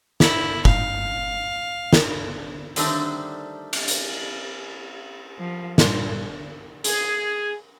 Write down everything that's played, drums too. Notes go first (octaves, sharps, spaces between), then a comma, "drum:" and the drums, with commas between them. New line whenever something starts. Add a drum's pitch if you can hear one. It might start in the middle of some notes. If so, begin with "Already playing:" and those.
E4, drum: snare
F5, drum: kick
drum: snare
D3 D#3 G3 A3 C4 D4, drum: hi-hat
drum: cymbal
drum: hi-hat
F3
G2 A#2 C6, drum: snare
G#4, drum: hi-hat